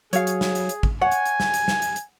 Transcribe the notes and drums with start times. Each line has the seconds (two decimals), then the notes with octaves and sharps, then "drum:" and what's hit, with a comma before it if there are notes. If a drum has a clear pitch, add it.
0.13 F#3 G#4 C#5 F5, drum: hi-hat
0.27 drum: hi-hat
0.41 drum: snare
0.55 drum: hi-hat
0.69 drum: hi-hat
0.83 drum: kick
1.02 C#5 F#5 G#5
1.11 drum: hi-hat
1.26 drum: hi-hat
1.40 drum: snare
1.54 drum: hi-hat
1.68 drum: snare
1.82 drum: hi-hat
1.96 drum: hi-hat